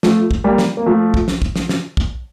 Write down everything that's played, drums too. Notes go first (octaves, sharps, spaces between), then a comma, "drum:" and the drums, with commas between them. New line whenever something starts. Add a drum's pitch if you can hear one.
F3 A3, drum: snare
drum: kick
G3 A#3
drum: snare
A#3
F3 A3
drum: kick
drum: snare
drum: kick
drum: snare
drum: snare
drum: kick